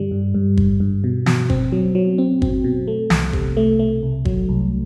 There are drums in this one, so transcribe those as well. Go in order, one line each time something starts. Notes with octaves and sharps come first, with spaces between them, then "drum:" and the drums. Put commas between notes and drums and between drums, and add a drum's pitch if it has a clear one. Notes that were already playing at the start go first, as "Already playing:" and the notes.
Already playing: G2 D3 G3
G2
G2
G2, drum: kick G1
G2
B2
B2, drum: snare
C4, drum: kick G1
F#3
F#3
C4
C4, drum: kick G1
B2
A3
C2, drum: snare
C3, drum: kick G1
A3
A3
C2
F#3, drum: kick G1
C2